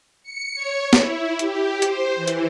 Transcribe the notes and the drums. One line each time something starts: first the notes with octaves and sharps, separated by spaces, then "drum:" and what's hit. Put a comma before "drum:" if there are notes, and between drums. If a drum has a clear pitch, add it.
C#7
C#5
E4, drum: snare
G4, drum: hi-hat
C5, drum: hi-hat
E3
drum: hi-hat